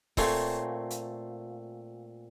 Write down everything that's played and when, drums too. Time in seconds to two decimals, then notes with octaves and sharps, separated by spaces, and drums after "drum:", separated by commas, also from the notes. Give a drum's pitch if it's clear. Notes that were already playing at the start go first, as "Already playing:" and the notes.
0.17 A#2 A3 C4 C#5 A#5, drum: kick, open hi-hat
0.90 drum: hi-hat